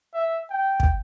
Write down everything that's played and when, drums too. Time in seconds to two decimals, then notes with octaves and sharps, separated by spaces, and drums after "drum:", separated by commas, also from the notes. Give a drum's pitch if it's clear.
0.14 E5
0.50 G5
0.80 drum: kick